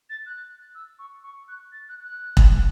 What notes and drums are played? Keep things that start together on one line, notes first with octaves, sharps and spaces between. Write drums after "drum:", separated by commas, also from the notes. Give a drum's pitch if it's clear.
A6
F#6
E6
C#6
C#6
F#6
A6
F#6
F#6
drum: kick E1